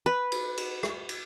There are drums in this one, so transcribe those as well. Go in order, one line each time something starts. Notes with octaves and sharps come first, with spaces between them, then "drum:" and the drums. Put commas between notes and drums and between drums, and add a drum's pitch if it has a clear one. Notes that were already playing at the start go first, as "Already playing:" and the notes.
B4
drum: cymbal
drum: cymbal
drum: rim click
drum: cymbal